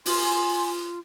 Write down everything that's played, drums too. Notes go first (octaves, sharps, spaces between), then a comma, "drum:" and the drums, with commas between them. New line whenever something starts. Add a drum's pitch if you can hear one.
F4 G#5 C6, drum: open hi-hat